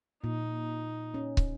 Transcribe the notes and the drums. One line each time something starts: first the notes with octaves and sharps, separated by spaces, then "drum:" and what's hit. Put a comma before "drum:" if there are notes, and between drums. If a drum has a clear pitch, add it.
A#2 D#4
C#4
drum: kick